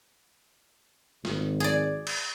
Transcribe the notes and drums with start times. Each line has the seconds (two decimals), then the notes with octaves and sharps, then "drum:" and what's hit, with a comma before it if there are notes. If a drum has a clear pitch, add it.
1.25 G#1, drum: snare
1.60 G#4 D5
2.07 drum: cymbal